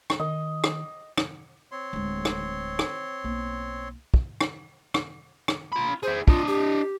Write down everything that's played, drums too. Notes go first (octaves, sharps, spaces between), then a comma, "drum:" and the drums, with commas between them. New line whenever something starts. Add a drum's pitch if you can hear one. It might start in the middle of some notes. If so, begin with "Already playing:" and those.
drum: rim click
D#3 D#5
drum: rim click
drum: rim click
C4 C#5 C6
D1 G#3
drum: rim click
drum: rim click
B1 A#3
drum: kick
drum: rim click
drum: rim click
drum: rim click
F4 B5
E4 G#4 C5
D4 F4 D#5, drum: kick
G4